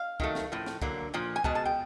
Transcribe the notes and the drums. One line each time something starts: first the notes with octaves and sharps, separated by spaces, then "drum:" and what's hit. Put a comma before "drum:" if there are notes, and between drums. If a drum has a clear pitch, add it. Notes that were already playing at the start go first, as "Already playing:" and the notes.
Already playing: F5
D#3 F#3 A3, drum: kick C2
drum: snare
A2 F3
drum: snare
D3 F#3 A#3, drum: kick C2
A#2 F3
G#5
B2 G#3 A5, drum: kick C2
A5
G5